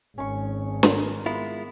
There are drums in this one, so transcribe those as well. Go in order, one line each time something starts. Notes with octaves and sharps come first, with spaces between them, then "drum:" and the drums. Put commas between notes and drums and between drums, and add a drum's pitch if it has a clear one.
G#1 C#4 C#6
A#4 C6, drum: snare
G#3 B3 E4 F4